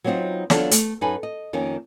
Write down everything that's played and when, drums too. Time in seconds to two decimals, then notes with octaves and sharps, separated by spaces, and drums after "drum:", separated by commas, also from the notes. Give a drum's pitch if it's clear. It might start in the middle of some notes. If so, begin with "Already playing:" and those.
0.04 F#3 G3 B3 C4 D#4 F4
0.50 F#3 B3 D4 F4 A4 F5, drum: snare
0.71 A3, drum: hi-hat
1.01 F#2 D#4 A4 B4 G#5
1.23 D#5
1.53 F2 D#3 A#3 C#4